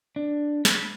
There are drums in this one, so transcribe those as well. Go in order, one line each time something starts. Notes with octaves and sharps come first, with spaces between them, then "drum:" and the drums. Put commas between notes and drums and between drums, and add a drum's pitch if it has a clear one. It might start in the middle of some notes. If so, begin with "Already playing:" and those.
D4
B5, drum: snare